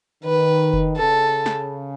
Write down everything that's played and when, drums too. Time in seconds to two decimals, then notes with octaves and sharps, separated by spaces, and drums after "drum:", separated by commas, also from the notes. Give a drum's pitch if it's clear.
0.24 D#3 B4
0.73 drum: kick F#1
0.97 C#3 A4
1.46 drum: snare